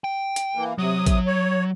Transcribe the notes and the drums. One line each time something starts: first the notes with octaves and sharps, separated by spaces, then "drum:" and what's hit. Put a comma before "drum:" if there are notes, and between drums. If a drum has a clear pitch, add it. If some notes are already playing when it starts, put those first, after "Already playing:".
G5
drum: hi-hat
E3 A#3
C3 F#3 D#6
drum: kick A1, hi-hat
C#5